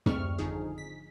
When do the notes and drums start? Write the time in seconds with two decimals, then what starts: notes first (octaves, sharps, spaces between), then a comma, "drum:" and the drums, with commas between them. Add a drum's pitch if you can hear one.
0.06 D2 G3 A3 C4 C#6 F6, drum: tom
0.38 G#1 D3 F3 D#4 G#4
0.78 B6